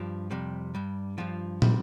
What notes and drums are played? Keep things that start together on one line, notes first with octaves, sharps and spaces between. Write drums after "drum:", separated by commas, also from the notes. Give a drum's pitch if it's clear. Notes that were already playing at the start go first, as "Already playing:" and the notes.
Already playing: G2 F3 G4
F2 C3 G3
G2 G3
G2 F3 F4
C3 G3, drum: tom